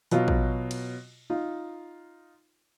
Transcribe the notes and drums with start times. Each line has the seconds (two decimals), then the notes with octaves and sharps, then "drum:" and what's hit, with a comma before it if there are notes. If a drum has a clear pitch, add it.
0.11 B2 F#3 F4, drum: hi-hat
0.28 drum: kick
0.71 drum: cymbal
1.30 D#4 F4